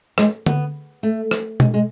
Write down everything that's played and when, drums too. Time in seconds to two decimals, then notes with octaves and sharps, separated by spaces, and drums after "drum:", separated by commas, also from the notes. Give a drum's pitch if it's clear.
0.18 G#3, drum: rim click
0.46 B3, drum: tom D3
1.03 A3
1.31 drum: rim click
1.60 G#3, drum: tom B2
1.74 G#3